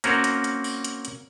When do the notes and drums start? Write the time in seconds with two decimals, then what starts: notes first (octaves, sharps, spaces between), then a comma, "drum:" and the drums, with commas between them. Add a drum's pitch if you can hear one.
0.04 A#3 C4 C#4 F#4 A#4, drum: hi-hat
0.24 drum: hi-hat
0.44 drum: hi-hat
0.64 drum: open hi-hat
0.84 drum: hi-hat
1.05 drum: hi-hat